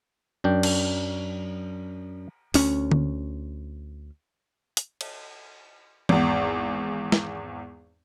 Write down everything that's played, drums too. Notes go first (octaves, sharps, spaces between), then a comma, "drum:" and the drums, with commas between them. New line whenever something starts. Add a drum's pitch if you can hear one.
F#2 D4 G5
drum: cymbal
D2 C#4, drum: open hi-hat
drum: tom D3
drum: hi-hat
drum: cymbal
G#1 E2, drum: tom E3
drum: snare